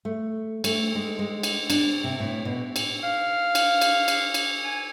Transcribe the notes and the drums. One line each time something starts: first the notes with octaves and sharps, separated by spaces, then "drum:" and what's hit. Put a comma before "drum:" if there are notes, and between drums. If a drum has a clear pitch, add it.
A3
A3, drum: cymbal
G#3
G#3
drum: cymbal
D4, drum: cymbal
C3
A2
B2
drum: cymbal
F5
drum: cymbal
drum: cymbal
drum: cymbal
drum: cymbal
G#5